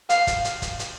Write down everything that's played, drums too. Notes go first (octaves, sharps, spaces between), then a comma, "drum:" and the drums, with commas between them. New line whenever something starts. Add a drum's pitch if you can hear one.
F5, drum: hi-hat
drum: kick, hi-hat
drum: hi-hat
drum: kick, hi-hat
drum: hi-hat